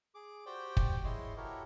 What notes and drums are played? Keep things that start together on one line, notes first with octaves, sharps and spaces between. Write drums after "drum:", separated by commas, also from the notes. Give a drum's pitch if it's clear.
G#4 D6
F#4 G4 C5 D5 G5
drum: kick
G#3 E4 C#5 D#5 C6
E4 F#4 G4 A4 A#4 C#5